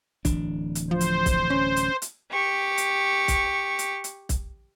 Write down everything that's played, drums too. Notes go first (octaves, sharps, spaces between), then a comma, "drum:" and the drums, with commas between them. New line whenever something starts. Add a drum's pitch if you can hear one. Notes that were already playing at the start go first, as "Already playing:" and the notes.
D1 E3 D4, drum: kick, hi-hat
drum: hi-hat
F3 C5
drum: hi-hat
drum: kick, hi-hat
C#4
drum: hi-hat
drum: hi-hat
G4 C#6
drum: hi-hat
drum: kick, hi-hat
drum: hi-hat
drum: hi-hat
drum: kick, hi-hat